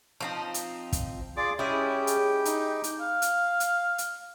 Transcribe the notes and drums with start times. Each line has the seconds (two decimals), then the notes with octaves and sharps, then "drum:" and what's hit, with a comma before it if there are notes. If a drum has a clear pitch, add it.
0.20 F3 C4 D#4
0.54 drum: hi-hat
0.92 drum: kick, hi-hat
1.37 F4 G#4 D5 D6
1.59 G#3 C#4 E4 G4 G#4 G5
2.07 drum: hi-hat
2.45 D#4, drum: hi-hat
2.84 drum: hi-hat
3.01 F5
3.22 drum: hi-hat
3.60 drum: hi-hat
3.98 drum: hi-hat